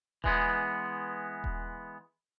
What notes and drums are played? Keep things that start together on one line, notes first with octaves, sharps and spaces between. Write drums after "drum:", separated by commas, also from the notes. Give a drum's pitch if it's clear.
E3 G#3 B3, drum: kick D#1
drum: kick D#1